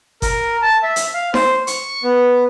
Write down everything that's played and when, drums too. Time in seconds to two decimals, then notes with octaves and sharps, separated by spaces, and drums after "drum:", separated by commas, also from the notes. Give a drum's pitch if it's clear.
0.22 A#4, drum: kick G1, hi-hat
0.62 A5
0.83 E5
0.96 drum: hi-hat
1.14 F5
1.34 C5, drum: snare D#4
1.67 C#6, drum: hi-hat
2.03 B3